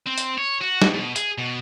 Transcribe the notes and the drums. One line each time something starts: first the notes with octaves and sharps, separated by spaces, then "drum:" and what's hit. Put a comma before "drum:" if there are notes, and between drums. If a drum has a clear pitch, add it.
C4
drum: hi-hat
C#5
F#4
drum: snare
B2
G#4, drum: hi-hat
B2